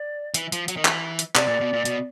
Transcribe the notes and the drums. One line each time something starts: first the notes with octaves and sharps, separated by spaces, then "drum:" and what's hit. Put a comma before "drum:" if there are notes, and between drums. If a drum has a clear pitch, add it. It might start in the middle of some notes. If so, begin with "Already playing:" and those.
Already playing: D5
E3, drum: hi-hat
F3, drum: hi-hat
F#3, drum: hi-hat
D#3
E3, drum: clap
drum: hi-hat
C3 D5, drum: clap
A#2
B2
A#2
B2, drum: hi-hat